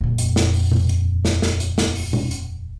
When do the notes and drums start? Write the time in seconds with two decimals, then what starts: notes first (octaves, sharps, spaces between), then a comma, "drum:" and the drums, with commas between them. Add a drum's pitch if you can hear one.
0.01 D#1 F2
0.18 drum: hi-hat
0.36 drum: snare
0.54 drum: open hi-hat
0.71 drum: tom B2
0.89 drum: hi-hat
1.25 drum: snare
1.42 drum: snare
1.60 drum: hi-hat
1.78 drum: snare
1.95 drum: open hi-hat
2.13 drum: tom B2
2.31 drum: hi-hat